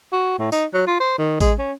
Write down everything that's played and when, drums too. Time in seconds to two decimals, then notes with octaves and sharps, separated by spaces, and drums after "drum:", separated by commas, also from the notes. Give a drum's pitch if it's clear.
0.12 F#4
0.38 A2
0.52 D#4, drum: tambourine
0.74 F#3
0.87 F4
1.00 C5
1.18 D#3
1.40 G#3, drum: kick A1, tambourine
1.59 C#4